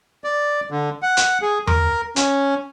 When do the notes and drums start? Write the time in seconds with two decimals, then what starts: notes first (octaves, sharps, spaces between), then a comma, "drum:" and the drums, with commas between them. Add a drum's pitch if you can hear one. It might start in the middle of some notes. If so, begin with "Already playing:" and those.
0.24 D5
0.71 D3
1.03 F#5
1.17 drum: hi-hat
1.42 G#4
1.67 A#4, drum: tom E2
2.16 C#4, drum: hi-hat